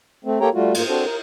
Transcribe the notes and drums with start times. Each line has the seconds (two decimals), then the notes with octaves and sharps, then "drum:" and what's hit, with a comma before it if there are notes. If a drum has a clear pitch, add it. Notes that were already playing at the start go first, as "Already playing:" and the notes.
0.25 A3 C4
0.41 A#3 G4 A4 C#5 G5 A#5
0.54 G3 A3 F4 F#4
0.74 G#2 A#3 F4, drum: cymbal
0.88 C4 D4 F#4 A4 C5
1.05 A#4